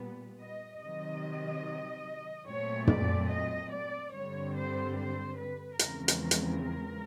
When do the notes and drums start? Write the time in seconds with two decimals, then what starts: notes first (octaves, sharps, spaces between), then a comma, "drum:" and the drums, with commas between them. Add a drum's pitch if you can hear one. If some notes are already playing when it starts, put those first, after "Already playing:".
Already playing: A#2 G3 B3
0.39 D#5
0.79 C3 D#3 F#3 D#5
2.46 A#2 F#3 A3 C4 C#5
2.87 D5, drum: tom
3.29 D#5
3.71 D5
4.12 G2 D3 G3 C4 C#5
4.55 C5
4.96 C5
5.37 B4
5.79 E2 C#3 F3 G#3 C4 A#4, drum: hi-hat
6.08 drum: hi-hat
6.31 drum: hi-hat